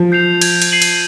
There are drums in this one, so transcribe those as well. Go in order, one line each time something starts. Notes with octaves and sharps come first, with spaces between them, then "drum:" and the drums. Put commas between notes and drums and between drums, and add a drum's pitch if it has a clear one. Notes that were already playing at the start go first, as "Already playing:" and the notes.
Already playing: F3
G6 C7 F7
G#6, drum: cymbal
drum: cymbal
C7 D#7 F#7
drum: cymbal